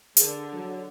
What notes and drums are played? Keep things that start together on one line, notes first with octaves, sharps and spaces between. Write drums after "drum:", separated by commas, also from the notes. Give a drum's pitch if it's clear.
D3 G#4 A#4, drum: hi-hat
F#3